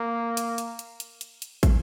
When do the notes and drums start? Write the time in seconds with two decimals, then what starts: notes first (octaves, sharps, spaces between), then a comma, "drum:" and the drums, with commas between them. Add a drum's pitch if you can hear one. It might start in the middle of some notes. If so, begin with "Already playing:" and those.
Already playing: A#3
0.37 drum: hi-hat
0.58 drum: hi-hat
0.79 drum: hi-hat
1.00 drum: hi-hat
1.21 drum: hi-hat
1.42 drum: hi-hat
1.63 drum: kick, hi-hat